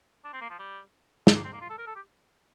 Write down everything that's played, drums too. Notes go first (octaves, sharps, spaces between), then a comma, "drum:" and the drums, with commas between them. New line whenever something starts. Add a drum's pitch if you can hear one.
D4
C4
A#3
F3
G3
A3, drum: snare
A#3
C4
A#3
F4
A4
A#4
A4
G4